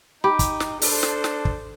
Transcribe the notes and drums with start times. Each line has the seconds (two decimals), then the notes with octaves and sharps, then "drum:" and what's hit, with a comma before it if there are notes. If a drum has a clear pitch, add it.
0.24 D#4 G4 B5
0.39 drum: kick, hi-hat
0.60 drum: snare
0.82 D4 A4 C5, drum: open hi-hat
1.03 drum: snare
1.24 drum: snare
1.45 drum: kick